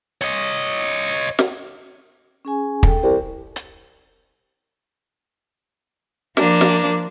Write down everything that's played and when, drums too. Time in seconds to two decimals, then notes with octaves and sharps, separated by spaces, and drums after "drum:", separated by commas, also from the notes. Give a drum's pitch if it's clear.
0.21 C#5 D#5, drum: hi-hat
1.39 drum: snare
2.45 C#4 G#4 G#5
2.83 A4 G5, drum: kick
3.03 C2 G4
3.56 drum: hi-hat
6.37 F3 A#3 D4, drum: snare
6.61 drum: snare